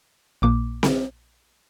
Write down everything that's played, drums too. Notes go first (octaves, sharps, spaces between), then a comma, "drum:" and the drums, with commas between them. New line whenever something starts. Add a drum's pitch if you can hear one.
A#1 A#2 A#3 D6
drum: snare C4